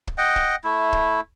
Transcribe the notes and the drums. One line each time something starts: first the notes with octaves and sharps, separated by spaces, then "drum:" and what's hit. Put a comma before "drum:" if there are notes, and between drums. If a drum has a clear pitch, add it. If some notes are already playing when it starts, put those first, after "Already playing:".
drum: kick
D#5 F#5 G5
drum: kick
A3 E4
drum: kick